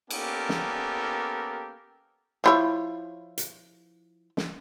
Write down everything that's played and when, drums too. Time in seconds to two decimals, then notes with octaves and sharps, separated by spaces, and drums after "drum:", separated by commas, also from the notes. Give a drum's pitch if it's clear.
0.10 A#3 B3 C#4 G4 A4 A#4, drum: cymbal
0.49 drum: snare
2.44 F3 E4 C#5
3.38 drum: hi-hat
4.37 drum: snare